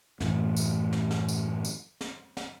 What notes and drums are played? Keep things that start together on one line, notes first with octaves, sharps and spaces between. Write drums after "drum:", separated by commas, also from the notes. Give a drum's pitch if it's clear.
F#2 A2 E3, drum: snare
drum: tambourine
drum: snare
drum: snare
drum: tambourine
drum: tambourine
drum: snare
drum: snare